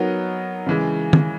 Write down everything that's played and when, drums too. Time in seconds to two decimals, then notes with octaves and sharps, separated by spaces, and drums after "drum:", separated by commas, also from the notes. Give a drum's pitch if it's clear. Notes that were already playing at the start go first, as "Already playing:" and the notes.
Already playing: F#3 B3 D#4 A#4
0.66 C#3 E3 G#3
1.13 drum: tom